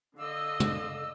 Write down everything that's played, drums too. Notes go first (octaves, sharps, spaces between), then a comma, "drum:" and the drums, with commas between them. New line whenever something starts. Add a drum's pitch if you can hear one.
D3 D#5 F5 D6 E6
drum: tom